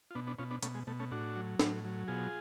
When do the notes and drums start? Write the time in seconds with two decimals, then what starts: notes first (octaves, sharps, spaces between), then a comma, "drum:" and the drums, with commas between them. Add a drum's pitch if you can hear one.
0.11 F4
0.15 B2 B3 D4
0.27 B3 D4
0.39 B2 C#4 F4
0.51 B3 D4
0.63 B2 A3 C#4, drum: hi-hat
0.75 G#3
0.87 B2 A3
1.00 A3 C#4
1.11 A2 D4 F#4
1.36 F#3
1.59 A2, drum: snare
1.84 F#3
2.08 B2 F4 G#4